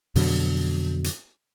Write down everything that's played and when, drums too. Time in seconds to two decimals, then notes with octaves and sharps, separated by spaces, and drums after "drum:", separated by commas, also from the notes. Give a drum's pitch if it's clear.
0.15 F2 B2 D3 F#3, drum: open hi-hat
1.04 drum: hi-hat